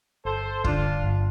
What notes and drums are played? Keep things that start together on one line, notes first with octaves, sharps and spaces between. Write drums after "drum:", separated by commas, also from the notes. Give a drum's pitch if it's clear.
G1 A4 C5
G2 D3 D4 F4, drum: kick
G1